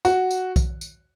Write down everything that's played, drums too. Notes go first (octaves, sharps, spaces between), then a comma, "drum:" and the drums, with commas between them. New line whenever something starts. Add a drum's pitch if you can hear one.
F#4, drum: tambourine
drum: tambourine
drum: kick B1, tambourine
drum: tambourine